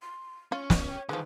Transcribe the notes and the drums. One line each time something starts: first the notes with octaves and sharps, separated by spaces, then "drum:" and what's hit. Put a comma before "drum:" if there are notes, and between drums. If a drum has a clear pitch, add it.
C6
C#4 F4 C#6
drum: snare
G5
D3 D#3 F3 G#3 B4